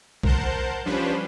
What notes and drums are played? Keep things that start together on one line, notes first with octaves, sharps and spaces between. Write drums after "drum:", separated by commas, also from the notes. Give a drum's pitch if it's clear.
A#4 C5 F#5 A5 G6, drum: kick
F3 G3 C#4 D4 B4 C5